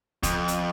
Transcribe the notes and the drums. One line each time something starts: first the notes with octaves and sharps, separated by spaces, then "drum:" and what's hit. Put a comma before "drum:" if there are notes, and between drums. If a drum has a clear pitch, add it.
F2, drum: kick C#2, hi-hat
drum: hi-hat